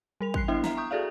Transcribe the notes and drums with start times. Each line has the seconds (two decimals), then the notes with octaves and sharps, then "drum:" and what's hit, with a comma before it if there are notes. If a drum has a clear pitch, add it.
0.21 G3 A#4 F7
0.34 C6 F#6 C7, drum: kick
0.48 B3 D4 E4 E5 G5
0.64 E5 A#5, drum: snare
0.77 A#5 C#6 D#6 G6
0.91 F#4 G#4 A4 D5 E5 F5